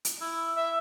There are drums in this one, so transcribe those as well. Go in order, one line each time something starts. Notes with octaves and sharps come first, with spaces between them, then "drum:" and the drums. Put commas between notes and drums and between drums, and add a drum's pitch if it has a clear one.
drum: hi-hat
E4
E5